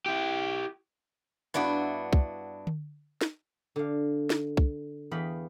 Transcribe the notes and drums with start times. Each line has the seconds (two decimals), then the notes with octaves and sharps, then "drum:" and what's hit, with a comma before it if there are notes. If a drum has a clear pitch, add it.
0.06 E4 G4
1.54 G2 B3 D4 E4 F#4
2.13 drum: kick C2
2.67 drum: tom D3
3.21 drum: snare
3.76 D3 F5
4.30 drum: snare
4.57 drum: kick C2
5.11 E2 B3 F5 G5 B5